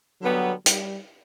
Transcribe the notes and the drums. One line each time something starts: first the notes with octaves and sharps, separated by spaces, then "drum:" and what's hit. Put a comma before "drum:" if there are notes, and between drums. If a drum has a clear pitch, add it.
D3 F#3 G3 B3
G3, drum: hi-hat